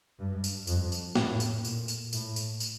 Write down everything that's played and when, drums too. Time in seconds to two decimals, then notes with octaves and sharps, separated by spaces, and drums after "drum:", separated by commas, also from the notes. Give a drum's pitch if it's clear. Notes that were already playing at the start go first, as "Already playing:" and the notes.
0.19 G2
0.44 drum: tambourine
0.67 F2, drum: tambourine
0.92 drum: tambourine
1.15 A2, drum: snare
1.40 drum: tambourine
1.65 A#2, drum: tambourine
1.88 drum: tambourine
2.13 A2, drum: tambourine
2.36 drum: tambourine
2.60 drum: tambourine